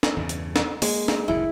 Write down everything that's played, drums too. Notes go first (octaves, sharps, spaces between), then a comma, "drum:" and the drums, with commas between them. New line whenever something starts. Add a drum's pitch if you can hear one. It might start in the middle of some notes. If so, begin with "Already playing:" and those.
drum: snare
E2 G2 C#3
drum: hi-hat
drum: snare
G#3 A#3, drum: open hi-hat
drum: snare
F#1 D2 A#2 E4